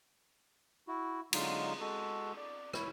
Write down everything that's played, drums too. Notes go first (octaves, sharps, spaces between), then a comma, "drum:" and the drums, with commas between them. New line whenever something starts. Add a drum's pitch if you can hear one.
E4 F#4
D3 F#3 G#3 D#4 F4, drum: cymbal
G#3 F#4 A4
D5
E4 C#5, drum: rim click